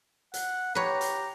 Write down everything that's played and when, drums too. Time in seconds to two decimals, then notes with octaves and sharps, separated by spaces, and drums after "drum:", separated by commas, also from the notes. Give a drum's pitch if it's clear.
0.34 F#5, drum: hi-hat
0.75 G4 B4 C#5 A#5
1.01 drum: hi-hat